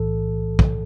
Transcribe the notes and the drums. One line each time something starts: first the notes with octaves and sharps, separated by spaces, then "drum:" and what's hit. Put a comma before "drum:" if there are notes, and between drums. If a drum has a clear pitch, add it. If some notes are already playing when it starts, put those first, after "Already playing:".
Already playing: B1 A2 E3 A4
drum: kick